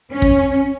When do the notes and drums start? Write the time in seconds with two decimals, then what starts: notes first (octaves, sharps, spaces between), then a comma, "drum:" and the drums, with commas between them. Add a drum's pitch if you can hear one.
0.11 C#4
0.22 drum: kick